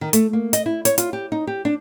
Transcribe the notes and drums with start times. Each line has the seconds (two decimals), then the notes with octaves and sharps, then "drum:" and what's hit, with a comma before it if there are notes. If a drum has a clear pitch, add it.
0.01 D#3
0.13 A3, drum: hi-hat
0.33 A#3
0.53 D#5, drum: hi-hat
0.66 E4
0.85 C#5, drum: hi-hat
0.98 F4, drum: hi-hat
1.13 G4
1.32 D#4
1.47 G4
1.65 D4